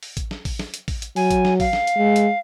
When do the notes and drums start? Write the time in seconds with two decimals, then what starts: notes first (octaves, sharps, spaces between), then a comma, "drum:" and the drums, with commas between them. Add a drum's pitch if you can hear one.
0.03 drum: open hi-hat
0.17 drum: kick A1, hi-hat
0.31 drum: snare
0.45 drum: kick A1, open hi-hat
0.59 drum: snare
0.74 drum: hi-hat
0.88 drum: kick A1, open hi-hat
1.02 drum: hi-hat
1.16 F#3 G#5, drum: open hi-hat
1.31 drum: kick A1, hi-hat
1.45 drum: snare
1.60 F5, drum: kick A1, open hi-hat
1.73 drum: snare
1.87 drum: hi-hat
1.97 G#3
2.16 drum: hi-hat